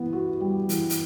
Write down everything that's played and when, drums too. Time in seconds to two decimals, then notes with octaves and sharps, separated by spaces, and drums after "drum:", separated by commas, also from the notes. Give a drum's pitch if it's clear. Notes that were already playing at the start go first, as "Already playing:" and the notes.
Already playing: E3 B3
0.13 F#4
0.40 G3
0.69 E3, drum: hi-hat
0.90 drum: hi-hat